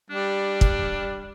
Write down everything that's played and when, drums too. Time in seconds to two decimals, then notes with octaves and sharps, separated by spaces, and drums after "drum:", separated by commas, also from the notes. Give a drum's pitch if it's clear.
0.10 G3 D4
0.61 drum: kick